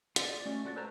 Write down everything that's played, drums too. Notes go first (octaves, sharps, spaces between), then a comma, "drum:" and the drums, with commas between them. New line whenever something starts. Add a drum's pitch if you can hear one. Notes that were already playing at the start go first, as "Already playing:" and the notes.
F4 D5 D#5, drum: hi-hat
D5
A3 C#4 F#4 D5
A3 F4 F#4 B4 D5
A4 B4 C5 A5 A#5